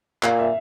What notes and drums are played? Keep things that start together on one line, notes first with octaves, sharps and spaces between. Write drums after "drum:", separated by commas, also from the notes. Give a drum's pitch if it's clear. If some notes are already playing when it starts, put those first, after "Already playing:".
A#2 F5, drum: clap
E5